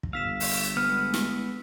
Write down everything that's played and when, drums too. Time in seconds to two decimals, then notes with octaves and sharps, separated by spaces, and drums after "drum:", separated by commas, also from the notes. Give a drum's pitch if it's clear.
0.03 drum: kick
0.13 G1 F5 E6 B6 E7
0.40 drum: open hi-hat
0.77 G#3 B3 F6
1.14 drum: snare